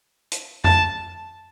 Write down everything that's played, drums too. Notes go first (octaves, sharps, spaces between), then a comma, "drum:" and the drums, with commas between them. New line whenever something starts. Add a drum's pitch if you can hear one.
drum: hi-hat
A5, drum: tom F2